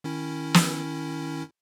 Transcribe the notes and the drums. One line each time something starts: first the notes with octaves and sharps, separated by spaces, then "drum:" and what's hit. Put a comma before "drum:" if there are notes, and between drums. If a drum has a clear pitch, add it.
D#3 C#4 E4
drum: snare